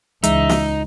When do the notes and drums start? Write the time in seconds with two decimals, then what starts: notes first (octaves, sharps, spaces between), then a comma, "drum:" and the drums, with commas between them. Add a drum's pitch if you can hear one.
0.24 C#2 E3 G#3 D#4 E5, drum: hi-hat
0.49 drum: snare